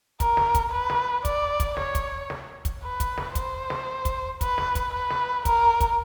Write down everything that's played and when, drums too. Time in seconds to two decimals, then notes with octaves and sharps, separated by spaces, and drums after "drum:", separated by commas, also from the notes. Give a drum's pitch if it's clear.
0.20 A#4, drum: kick, hi-hat
0.37 drum: snare
0.55 drum: kick, hi-hat
0.72 B4
0.90 drum: snare
1.25 D5, drum: kick, hi-hat
1.60 drum: kick, hi-hat
1.77 C#5, drum: snare
1.95 drum: kick, hi-hat
2.30 drum: snare
2.65 drum: kick, hi-hat
2.83 B4
3.00 drum: kick, hi-hat
3.17 drum: snare
3.35 C5, drum: kick, hi-hat
3.70 drum: snare
4.05 drum: kick, hi-hat
4.41 B4, drum: kick, hi-hat
4.58 drum: snare
4.75 drum: kick, hi-hat
4.93 B4
5.10 drum: snare
5.45 A#4, drum: kick, hi-hat
5.80 drum: kick, hi-hat